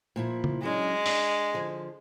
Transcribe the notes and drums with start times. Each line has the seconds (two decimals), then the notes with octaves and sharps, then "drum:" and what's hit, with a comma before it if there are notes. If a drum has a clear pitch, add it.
0.16 A#2 F3 E4
0.44 drum: tom C#3
0.63 F#3 G#3 C#4 D4
1.06 D4, drum: open hi-hat
1.54 D3 F3